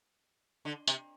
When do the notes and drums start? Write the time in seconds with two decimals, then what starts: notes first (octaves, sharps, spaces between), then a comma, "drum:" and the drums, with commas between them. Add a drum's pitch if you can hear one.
0.65 D3
0.87 C3, drum: tambourine